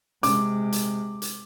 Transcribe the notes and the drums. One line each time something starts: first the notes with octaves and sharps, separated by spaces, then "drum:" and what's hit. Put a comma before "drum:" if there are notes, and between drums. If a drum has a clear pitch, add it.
C3 G#3 D6, drum: hi-hat
drum: hi-hat
drum: hi-hat